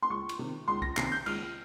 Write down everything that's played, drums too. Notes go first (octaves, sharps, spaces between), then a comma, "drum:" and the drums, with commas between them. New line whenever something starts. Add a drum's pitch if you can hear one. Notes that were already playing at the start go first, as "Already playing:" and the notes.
C6
C#2 C#6
drum: cymbal
C3 D#3
C#2 C6
A#6, drum: kick C2
C3 D#3 C7, drum: clap
G6
C#2 F6, drum: cymbal